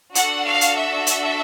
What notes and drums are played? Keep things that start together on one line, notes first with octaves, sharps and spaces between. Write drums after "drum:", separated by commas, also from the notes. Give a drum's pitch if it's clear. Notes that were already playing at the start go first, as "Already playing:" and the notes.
D4 F#4 A4 F#5, drum: hi-hat
F5
drum: hi-hat
E5
drum: hi-hat